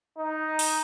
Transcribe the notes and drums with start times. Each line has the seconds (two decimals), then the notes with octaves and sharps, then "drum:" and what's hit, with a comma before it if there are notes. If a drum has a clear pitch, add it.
0.18 D#4
0.59 drum: open hi-hat